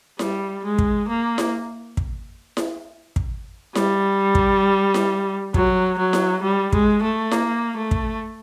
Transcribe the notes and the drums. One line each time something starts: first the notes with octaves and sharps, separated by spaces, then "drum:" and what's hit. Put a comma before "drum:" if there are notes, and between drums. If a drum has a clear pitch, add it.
G3, drum: snare E4
G#3
drum: kick
A#3
drum: snare E4
drum: kick
drum: snare E4
drum: kick
G3, drum: snare E4
drum: kick
drum: snare E4
F#3, drum: kick
F#3
drum: snare E4
G3
G#3, drum: kick
A3
A#3, drum: snare E4
A3
drum: kick